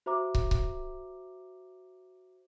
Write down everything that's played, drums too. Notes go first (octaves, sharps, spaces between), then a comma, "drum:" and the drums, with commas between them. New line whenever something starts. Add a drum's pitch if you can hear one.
F#4 C5 E5 A#5 D6
drum: kick
drum: kick